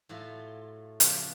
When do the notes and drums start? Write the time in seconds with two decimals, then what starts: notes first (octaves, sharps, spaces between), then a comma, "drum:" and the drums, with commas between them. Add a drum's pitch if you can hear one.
0.09 A2 F#3 A3 F4
1.00 C#3 F3 B3 D4, drum: hi-hat